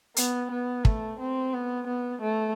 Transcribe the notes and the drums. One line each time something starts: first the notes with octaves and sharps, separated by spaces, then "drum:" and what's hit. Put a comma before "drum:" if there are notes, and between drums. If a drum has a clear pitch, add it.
B3, drum: hi-hat
B3
A3, drum: kick
C4
B3
B3
A3